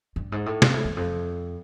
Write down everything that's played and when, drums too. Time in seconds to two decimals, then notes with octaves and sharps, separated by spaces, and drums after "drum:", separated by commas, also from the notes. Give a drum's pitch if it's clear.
0.16 G2
0.32 G#2
0.46 A2
0.62 A#2, drum: snare
0.74 A2
0.85 E2
0.97 F2